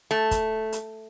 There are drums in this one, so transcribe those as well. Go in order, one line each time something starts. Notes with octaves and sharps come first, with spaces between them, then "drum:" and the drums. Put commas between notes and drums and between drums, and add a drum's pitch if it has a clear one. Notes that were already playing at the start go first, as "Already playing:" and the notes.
A3
drum: kick, hi-hat
drum: hi-hat